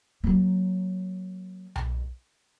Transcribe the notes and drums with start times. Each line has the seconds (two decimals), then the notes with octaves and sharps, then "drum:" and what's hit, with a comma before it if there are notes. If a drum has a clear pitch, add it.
0.24 F#3 A#3
1.75 drum: tom B1